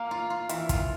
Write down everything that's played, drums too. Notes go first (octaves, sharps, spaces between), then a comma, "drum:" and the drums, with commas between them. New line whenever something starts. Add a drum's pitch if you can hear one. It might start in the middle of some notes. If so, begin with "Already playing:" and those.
Already playing: A#3 F5
F4
F4
E3 E5, drum: hi-hat
F4, drum: kick, hi-hat